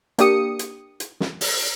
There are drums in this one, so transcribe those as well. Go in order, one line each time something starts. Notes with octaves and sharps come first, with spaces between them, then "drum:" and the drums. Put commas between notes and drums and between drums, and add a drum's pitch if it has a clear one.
A#3 D4 G4 D#6 C#7, drum: hi-hat
drum: hi-hat
drum: hi-hat
drum: snare
drum: open hi-hat